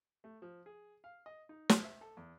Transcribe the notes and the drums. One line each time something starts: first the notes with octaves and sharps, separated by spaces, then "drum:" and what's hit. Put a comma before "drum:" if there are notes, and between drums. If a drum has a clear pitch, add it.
A3
F3
G#4
F5
D#5
D#4
B2, drum: snare
E5
A4
E2